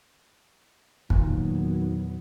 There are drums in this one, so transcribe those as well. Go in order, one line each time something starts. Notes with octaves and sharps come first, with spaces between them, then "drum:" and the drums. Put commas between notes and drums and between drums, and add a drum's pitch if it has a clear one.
E2 A#2 D#3 F#3 B3, drum: kick